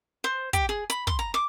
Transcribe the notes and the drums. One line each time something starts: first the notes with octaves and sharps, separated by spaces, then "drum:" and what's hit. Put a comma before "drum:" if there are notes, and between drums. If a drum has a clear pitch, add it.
C5
G4, drum: kick, hi-hat
G#4
B5, drum: hi-hat
C6, drum: kick
A#5
D6